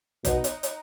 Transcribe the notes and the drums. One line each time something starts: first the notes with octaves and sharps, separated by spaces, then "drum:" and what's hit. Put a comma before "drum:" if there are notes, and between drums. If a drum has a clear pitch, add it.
B2 D#4, drum: kick, hi-hat
drum: hi-hat
drum: hi-hat